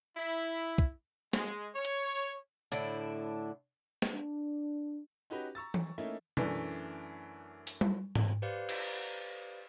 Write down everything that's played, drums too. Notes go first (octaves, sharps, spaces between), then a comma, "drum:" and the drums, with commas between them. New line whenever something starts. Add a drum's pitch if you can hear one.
E4
drum: kick
G#3, drum: snare
C#5
drum: hi-hat
A2 D3 D4 E4
drum: snare
D4
C#4 D#4 F#4 G4 B4
A#5 C#6 E6 A6
drum: tom E3
A3 A#3 C#4 D#4 E4
F#2 E3 A3 D4, drum: tom B2
drum: open hi-hat
drum: tom G3
drum: tom G#2
G4 B4 C5 D5 F5
drum: cymbal